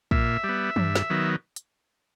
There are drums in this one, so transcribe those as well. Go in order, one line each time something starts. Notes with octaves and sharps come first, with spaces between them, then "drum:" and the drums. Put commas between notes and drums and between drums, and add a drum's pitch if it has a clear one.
A#2 E5, drum: kick
G3
B3
G2, drum: tom
drum: snare
D#3 F#3 B3
drum: hi-hat